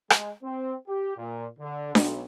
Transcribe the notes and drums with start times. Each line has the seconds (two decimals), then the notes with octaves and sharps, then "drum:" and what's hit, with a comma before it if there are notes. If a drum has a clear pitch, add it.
0.10 G#3, drum: rim click
0.43 C4
0.88 G4
1.17 A#2
1.59 D3
1.95 B1, drum: snare D4